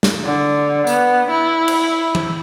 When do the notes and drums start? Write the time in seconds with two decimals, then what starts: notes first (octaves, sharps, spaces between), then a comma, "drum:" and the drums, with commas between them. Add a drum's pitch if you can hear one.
0.03 drum: snare
0.24 D3
0.87 B3, drum: tambourine
1.30 E4
1.68 drum: cymbal
2.15 drum: tom